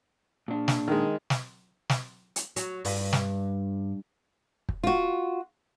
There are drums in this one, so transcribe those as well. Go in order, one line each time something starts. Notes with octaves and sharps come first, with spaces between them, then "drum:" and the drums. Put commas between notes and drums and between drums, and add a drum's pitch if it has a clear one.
A#2 D4
drum: snare
D#3 G#3
drum: snare
drum: snare
drum: hi-hat
F#3, drum: hi-hat
G2, drum: open hi-hat
drum: snare
drum: kick
F4 F#4